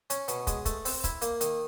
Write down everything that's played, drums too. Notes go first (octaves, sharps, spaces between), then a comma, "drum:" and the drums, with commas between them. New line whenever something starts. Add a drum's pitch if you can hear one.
C#4, drum: hi-hat
B2, drum: hi-hat
G#3, drum: kick, hi-hat
A3, drum: kick, hi-hat
C4, drum: open hi-hat
E4, drum: kick, hi-hat
A#3, drum: hi-hat
D#3, drum: hi-hat